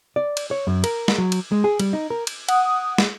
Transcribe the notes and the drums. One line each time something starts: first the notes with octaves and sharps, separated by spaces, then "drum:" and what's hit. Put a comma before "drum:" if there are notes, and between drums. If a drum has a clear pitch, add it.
D5
drum: cymbal
C#5
F#2
A#4, drum: cymbal
drum: snare
F#3
drum: cymbal
G#3
G#4
G3, drum: cymbal
D#4
A#4
drum: cymbal
F#5 D#6, drum: cymbal
drum: snare